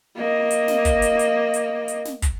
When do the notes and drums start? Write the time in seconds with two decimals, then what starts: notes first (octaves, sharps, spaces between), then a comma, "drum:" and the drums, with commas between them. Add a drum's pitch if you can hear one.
0.16 A#3 D#5
0.51 drum: hi-hat
0.68 drum: snare
0.85 drum: kick, hi-hat
1.02 drum: hi-hat
1.19 drum: hi-hat
1.54 drum: hi-hat
1.88 drum: hi-hat
2.05 drum: snare
2.22 drum: kick, hi-hat